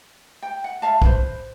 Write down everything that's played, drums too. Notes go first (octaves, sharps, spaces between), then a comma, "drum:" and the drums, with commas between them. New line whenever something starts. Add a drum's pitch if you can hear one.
G5
F#5
E5 F5 A5
B4 C5, drum: kick